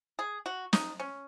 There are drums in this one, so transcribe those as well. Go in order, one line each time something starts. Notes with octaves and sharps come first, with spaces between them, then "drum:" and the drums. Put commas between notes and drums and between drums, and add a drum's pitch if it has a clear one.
G#4
F#4
D#4, drum: snare
C#4